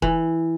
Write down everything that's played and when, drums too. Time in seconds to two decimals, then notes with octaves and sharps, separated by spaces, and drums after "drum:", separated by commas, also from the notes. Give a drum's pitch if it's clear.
0.02 E3, drum: kick E1